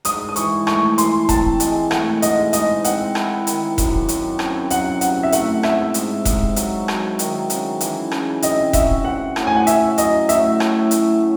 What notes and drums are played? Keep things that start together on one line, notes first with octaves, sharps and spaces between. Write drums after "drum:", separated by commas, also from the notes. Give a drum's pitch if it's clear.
G#2 D#6, drum: hi-hat
D#6
E3 C#6, drum: hi-hat
A3 C#6, drum: rim click
E3 C6, drum: hi-hat
C4 A5, drum: kick E1, hi-hat
G#3, drum: hi-hat
A3 F#5, drum: rim click
G#2 D#5, drum: hi-hat
G#2 D#5, drum: hi-hat
C4 F#5, drum: hi-hat
E4, drum: rim click
D#3, drum: hi-hat
F#2, drum: kick E1, hi-hat
F#2, drum: hi-hat
C4, drum: rim click
F#3 F#5, drum: hi-hat
C3 F#5, drum: hi-hat
E5
A3 F#5, drum: hi-hat
G#2 E5, drum: rim click
G#2, drum: hi-hat
G#2, drum: kick E1, hi-hat
F#3, drum: hi-hat
F#3, drum: rim click
D#3, drum: hi-hat
C#3, drum: hi-hat
E3, drum: hi-hat
C#3, drum: rim click
C4 D#5, drum: hi-hat
F#4 E5, drum: kick E1, hi-hat
C4 F#5
A2, drum: rim click
G#5
F#5
C#4 E5, drum: hi-hat
F#3 D#5, drum: hi-hat
A2 E5, drum: hi-hat
A2, drum: rim click
A3, drum: hi-hat